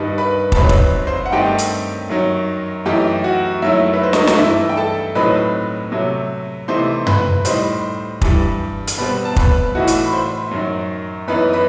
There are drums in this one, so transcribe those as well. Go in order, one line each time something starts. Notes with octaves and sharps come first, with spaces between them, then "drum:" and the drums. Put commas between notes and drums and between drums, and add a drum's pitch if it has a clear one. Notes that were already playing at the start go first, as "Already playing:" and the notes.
Already playing: G2 D#3 G3 D#4 B4
B4 B5
A5, drum: kick
F#2 F#3 C4 D#4 B4 B5
drum: kick
C5 C6
F#5
G2 D#3 A3 C4 D#4 G4 G5
drum: hi-hat
F#2 D#3 F#3
F#2 E3 A3 D#4 G4 G5
F#4 F#5
F#2 D#3 F#3 A3 E4 E5
B4
C5
D#4 D#5, drum: snare
D#5, drum: snare
G2 E3 A3 D#4 E4 E5
G5
A4 A5
A2 F#3 C4 D#4 B4 B5
C3 F#3 A3
C3 E3 A3 C4 D#4 C5 C6
B4 B5, drum: tom F#2
A2 G3 D#4 C5 C6, drum: hi-hat
G2 E3 G3, drum: kick
drum: hi-hat
B2 G3 C4 B4 B5
A5
B4 B5, drum: kick
A2 E3 A3 D#4 F#4 F#5
drum: hi-hat
B5
C5 C6
F#2 D#3 F#3
F#2 E3 B3 D#4 B4 B5
B4 B5